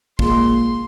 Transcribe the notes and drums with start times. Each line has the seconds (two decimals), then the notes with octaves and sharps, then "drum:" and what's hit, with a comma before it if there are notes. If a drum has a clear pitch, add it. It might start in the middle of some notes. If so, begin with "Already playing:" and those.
0.19 A#2 G#3 C6, drum: kick